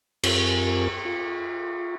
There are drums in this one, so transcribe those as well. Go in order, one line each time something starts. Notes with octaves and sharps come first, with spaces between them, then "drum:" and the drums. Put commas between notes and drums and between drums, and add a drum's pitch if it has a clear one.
F#2 C4 F4 G4 A#4 G#5, drum: cymbal
F4